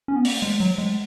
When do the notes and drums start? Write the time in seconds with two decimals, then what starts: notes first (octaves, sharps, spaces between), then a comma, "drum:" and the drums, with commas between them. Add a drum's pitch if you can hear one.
0.08 C#4
0.16 B3
0.25 A#3, drum: open hi-hat
0.42 G#3
0.60 F#3
0.78 G#3